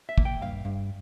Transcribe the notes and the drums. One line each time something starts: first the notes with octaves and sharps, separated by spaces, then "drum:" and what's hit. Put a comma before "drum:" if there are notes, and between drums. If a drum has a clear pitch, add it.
E5
A#3, drum: kick
G5
G2 F5
G2